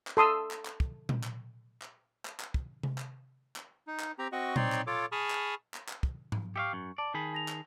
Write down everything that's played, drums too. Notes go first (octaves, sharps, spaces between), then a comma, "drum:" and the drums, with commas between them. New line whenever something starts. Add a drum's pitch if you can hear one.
drum: clap
A4 C6 D#6 E6
drum: clap
drum: clap
drum: kick
drum: tom A#2
drum: clap
drum: clap
drum: clap
drum: clap
drum: kick
drum: tom C3
drum: clap
drum: clap
D#4
drum: clap
C4 G4 A#5
C4 F#4 D#5 C#6
C4 D#4 C#5 D5 C6, drum: tom A#2
drum: clap
F4 A4 C#5 D6
G#4 A5 B5 C#6 D#6 F6
drum: clap
drum: clap
drum: clap
drum: kick
drum: tom G#2
G4 E5 F5 C#6 C#7
F#2
D5 A5
D#3 G#4 B5
A5 A#6 F7
drum: clap